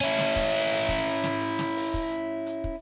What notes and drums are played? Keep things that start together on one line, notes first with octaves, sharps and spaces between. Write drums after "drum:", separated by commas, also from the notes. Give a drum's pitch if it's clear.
C#4 E4
drum: snare
drum: kick, hi-hat
drum: open hi-hat
drum: open hi-hat
drum: kick, hi-hat
drum: snare
drum: hi-hat
drum: snare
drum: open hi-hat
drum: kick, hi-hat
drum: hi-hat
drum: hi-hat
drum: kick